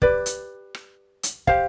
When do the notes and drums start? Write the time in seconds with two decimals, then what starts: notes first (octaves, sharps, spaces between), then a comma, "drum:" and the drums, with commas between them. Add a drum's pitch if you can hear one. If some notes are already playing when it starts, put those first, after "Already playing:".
0.02 G4 B4 D5, drum: kick
0.26 drum: hi-hat
0.75 drum: rim click
1.23 drum: hi-hat
1.47 G4 C5 F5, drum: kick